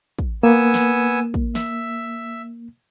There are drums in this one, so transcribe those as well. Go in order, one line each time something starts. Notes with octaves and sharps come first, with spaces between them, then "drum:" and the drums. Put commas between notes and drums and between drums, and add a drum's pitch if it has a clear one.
drum: kick
A#3 B3 G#5 E6
drum: snare
drum: kick
E5, drum: snare